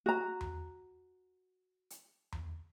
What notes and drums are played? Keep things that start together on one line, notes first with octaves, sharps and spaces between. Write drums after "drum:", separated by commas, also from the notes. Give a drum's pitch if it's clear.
F#4 A#5
drum: tom E2
drum: hi-hat
drum: tom E2